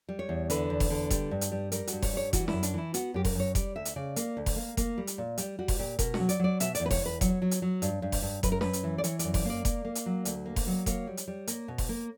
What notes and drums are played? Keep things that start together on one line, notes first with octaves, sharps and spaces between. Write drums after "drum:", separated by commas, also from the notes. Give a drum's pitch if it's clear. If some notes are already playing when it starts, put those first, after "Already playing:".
G3
C#5
E2
D3 B4, drum: hi-hat
E2
drum: kick F1, open hi-hat
D3
G3, drum: kick F1, hi-hat
G2
drum: hi-hat
G3
G3 A#4, drum: hi-hat
F#4, drum: hi-hat
G2
C#5, drum: kick F1, open hi-hat
G3 C#5
E3 F#4, drum: kick F1, hi-hat
E4, drum: snare
F#2
D4, drum: hi-hat
E3 E4
B3 F#4, drum: hi-hat
F#2 G4
A#4, drum: kick F1, open hi-hat
F#2 C#5
G3 D5, drum: kick F1, hi-hat
D2 E5
drum: hi-hat
C#3 D5
A#3, drum: hi-hat
D2
drum: kick F1, open hi-hat
A#3
A#3, drum: kick F1, hi-hat
G3
drum: hi-hat
A#2
G3, drum: hi-hat
G3 F#4
drum: kick F1, open hi-hat
A#2 G4
B2 A#4, drum: kick F1, hi-hat
F#4, drum: snare
F#3
D5, drum: hi-hat
F#3 D5
B2 E5, drum: hi-hat
D5, drum: hi-hat
E2
B4
C#5, drum: kick F1, open hi-hat
E2 B4
F#3 C#5, drum: kick F1, hi-hat
F#3
drum: hi-hat
F#3
G2, drum: hi-hat
G2
drum: kick F1, open hi-hat
G2
F#2 B4, drum: kick F1, hi-hat
A#4
F#2 B4, drum: snare
drum: hi-hat
E3
D5
E3 C#5, drum: hi-hat
F#2 D5, drum: hi-hat
D5, drum: kick F1, open hi-hat
A#3 D5
A#3, drum: kick F1, hi-hat
A#3
drum: hi-hat
F#3
D2, drum: hi-hat
A#3
drum: kick F1, open hi-hat
F#3
A#3 C#5, drum: kick F1, hi-hat
G3
drum: hi-hat
G3
A#3, drum: hi-hat
B2
drum: kick F1, open hi-hat
A#3